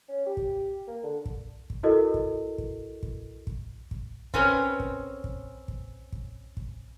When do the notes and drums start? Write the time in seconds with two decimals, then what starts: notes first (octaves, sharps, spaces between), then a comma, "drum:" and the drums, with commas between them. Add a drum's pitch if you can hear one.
0.09 C#4
0.26 G4
0.37 drum: kick
0.88 A#3
1.03 D3
1.26 drum: kick
1.70 drum: kick
1.83 E4 F#4 A4 A#4 D#5
2.14 drum: kick
2.58 drum: kick
3.03 drum: kick
3.47 drum: kick
3.91 drum: kick
4.34 C4 C#4 A#4 B4 C#5, drum: kick
4.80 drum: kick
5.24 drum: kick
5.68 drum: kick
6.12 drum: kick
6.57 drum: kick